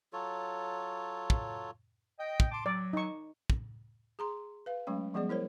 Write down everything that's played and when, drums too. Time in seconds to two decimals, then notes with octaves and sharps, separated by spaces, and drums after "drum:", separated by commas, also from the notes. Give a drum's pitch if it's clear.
0.13 F#3 F4 A4 C#5
1.30 drum: kick
2.20 D#5 G5
2.40 drum: kick
2.52 A5 C6 D6
2.66 F#3 D5
2.93 D#4 C#6
3.50 drum: kick
4.19 G#4 A#5 C6
4.66 B4 F5
4.87 F#3 G#3 A3 C#4 B5
5.14 F3 G3 G#3 B3 G#4 D5
5.29 E4 A#4 C5 C#5